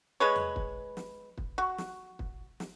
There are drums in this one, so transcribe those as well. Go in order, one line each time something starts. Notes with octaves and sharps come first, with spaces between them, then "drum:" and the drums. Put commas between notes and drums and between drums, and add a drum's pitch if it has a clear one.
G#3 B4 C#5
drum: tom E2
drum: kick
drum: snare
drum: kick
F#4
drum: snare
drum: kick
drum: snare